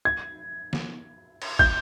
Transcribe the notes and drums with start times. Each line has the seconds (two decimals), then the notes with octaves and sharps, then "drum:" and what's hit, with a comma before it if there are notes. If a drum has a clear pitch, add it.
0.05 G#6
0.73 drum: snare
1.42 drum: cymbal
1.59 G6, drum: kick